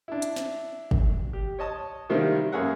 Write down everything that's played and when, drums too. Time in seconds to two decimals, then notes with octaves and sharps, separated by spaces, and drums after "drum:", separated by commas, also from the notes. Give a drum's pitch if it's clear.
0.08 D4 E4
0.22 drum: hi-hat
0.36 drum: snare
0.91 drum: kick
1.33 G4
1.59 C#5 D#5 A5 D#6
2.10 C3 D#3 G3 A#3 E4 C5
2.52 F#2 A#3 G#4 C#5 E5 F#5